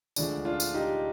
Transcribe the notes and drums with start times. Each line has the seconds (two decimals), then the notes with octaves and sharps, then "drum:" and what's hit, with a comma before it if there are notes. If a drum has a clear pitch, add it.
0.16 D2 D3 F3 G#3 D4, drum: tambourine
0.45 D4 F4
0.60 drum: tambourine
0.74 D#4 G4